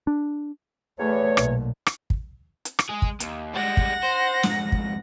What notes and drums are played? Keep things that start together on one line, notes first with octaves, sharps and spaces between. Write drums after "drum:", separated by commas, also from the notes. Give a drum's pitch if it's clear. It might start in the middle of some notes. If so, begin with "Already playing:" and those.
D4
E2 A3 C#5
B1 A#2, drum: rim click
drum: rim click
drum: kick
drum: hi-hat
drum: rim click
G#3 G#4
drum: kick
D#2, drum: hi-hat
G3 G#3 F#5 A#6
drum: kick
C5
F2 G#2, drum: snare
drum: kick